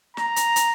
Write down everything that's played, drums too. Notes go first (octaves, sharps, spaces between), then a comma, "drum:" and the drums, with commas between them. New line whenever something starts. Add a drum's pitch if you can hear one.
A#5, drum: snare
drum: hi-hat
drum: hi-hat